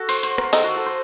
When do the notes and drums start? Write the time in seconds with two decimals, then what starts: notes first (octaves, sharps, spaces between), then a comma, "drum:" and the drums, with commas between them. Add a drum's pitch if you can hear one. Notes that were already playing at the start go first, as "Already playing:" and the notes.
Already playing: F#4 A4
0.09 C5, drum: cymbal
0.23 C5, drum: cymbal
0.38 A#4, drum: rim click
0.53 D#3 D#4 A4, drum: cymbal
0.64 F#4
0.76 A4
0.86 C5